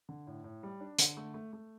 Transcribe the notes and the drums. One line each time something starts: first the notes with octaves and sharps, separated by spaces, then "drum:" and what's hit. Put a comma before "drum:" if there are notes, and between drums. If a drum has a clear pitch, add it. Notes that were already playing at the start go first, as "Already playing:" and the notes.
D3
A2
A2
G3
D4
D3, drum: hi-hat
A3
A3
A3